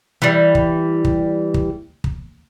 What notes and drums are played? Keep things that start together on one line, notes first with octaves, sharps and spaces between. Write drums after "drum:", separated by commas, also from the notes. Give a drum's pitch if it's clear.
E3 G3
drum: kick
drum: kick
drum: kick
drum: kick